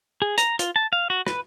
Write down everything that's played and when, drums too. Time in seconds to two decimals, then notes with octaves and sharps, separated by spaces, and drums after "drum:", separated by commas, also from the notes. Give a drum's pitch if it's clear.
0.22 G#4
0.38 A#5, drum: hi-hat
0.59 F4, drum: hi-hat
0.76 A5
0.93 F5
1.10 F#4
1.27 B4, drum: rim click